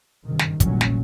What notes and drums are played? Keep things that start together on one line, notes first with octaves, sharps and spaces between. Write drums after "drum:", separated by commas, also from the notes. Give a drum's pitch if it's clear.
F#1 G2 C3 D#3
drum: snare
F1 A#1 A#2 F#3 G3 C#4, drum: kick, hi-hat
drum: snare